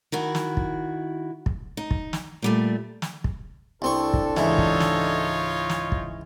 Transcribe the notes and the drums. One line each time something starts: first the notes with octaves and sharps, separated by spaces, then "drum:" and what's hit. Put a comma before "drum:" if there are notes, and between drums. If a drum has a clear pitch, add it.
D#3 E4 F#4
drum: snare
drum: kick
drum: kick
D#4
drum: kick
drum: snare
A#2 G3 A3
drum: snare
drum: kick
C2 C4 D4 G4 A4 C#6
drum: kick
C#2 G#2 E3 D#4 F4 C#5, drum: snare
drum: kick
drum: snare
drum: snare
drum: kick